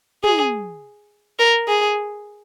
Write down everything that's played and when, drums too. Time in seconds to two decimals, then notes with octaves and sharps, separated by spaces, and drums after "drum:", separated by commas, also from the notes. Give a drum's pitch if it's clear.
0.24 G#4, drum: tom
1.39 A#4
1.68 G#4